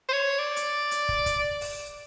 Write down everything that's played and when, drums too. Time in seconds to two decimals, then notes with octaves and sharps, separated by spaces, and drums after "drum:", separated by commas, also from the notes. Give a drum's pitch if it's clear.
0.09 C5
0.13 C#5
0.39 D5
0.56 drum: hi-hat
0.91 drum: hi-hat
1.09 drum: kick
1.26 drum: kick, hi-hat
1.61 drum: open hi-hat